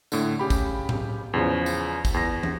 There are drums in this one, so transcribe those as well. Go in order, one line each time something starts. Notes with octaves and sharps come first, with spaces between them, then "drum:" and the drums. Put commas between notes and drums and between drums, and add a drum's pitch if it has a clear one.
A2 D3, drum: tambourine
C#3 G4 B5
drum: kick, tambourine
drum: tom A2
E2 C#3 F3
drum: tambourine
drum: kick, tambourine
E2 A#6
drum: tom